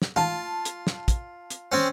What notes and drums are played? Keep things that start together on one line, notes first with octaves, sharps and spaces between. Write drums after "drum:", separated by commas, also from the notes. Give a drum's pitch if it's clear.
drum: snare
F4 A5
drum: hi-hat
drum: snare
drum: kick, hi-hat
drum: hi-hat
C4 C#4